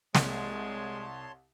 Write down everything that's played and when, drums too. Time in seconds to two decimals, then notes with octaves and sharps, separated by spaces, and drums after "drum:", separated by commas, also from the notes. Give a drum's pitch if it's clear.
0.15 C2 G#3 C#5 A5 C6, drum: snare